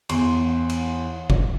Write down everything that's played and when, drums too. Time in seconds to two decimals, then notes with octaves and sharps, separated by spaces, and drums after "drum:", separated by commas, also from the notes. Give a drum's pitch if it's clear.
0.09 E2 C6, drum: cymbal
0.69 drum: cymbal
1.30 drum: kick